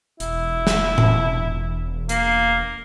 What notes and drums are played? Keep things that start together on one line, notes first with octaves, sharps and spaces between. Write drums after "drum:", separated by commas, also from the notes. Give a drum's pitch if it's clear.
E1 E4, drum: hi-hat
drum: snare
drum: tom A2
A#3, drum: hi-hat